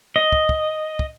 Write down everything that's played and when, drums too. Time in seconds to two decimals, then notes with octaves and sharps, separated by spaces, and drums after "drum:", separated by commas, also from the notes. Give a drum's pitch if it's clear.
0.16 D#5
0.32 drum: kick
0.49 drum: kick
0.99 drum: kick